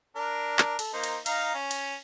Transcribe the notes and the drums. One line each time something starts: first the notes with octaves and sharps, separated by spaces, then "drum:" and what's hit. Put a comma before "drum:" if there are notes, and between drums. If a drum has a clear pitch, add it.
D4 A#4
drum: clap
A4, drum: cymbal
A#3 D#4 C5
drum: cymbal
D#4 F5 A#5, drum: cymbal
C#4
drum: cymbal